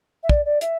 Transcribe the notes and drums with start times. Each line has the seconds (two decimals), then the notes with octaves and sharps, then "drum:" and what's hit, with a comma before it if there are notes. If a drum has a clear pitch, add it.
0.23 E5
0.29 D5, drum: kick
0.45 D5
0.61 E5, drum: hi-hat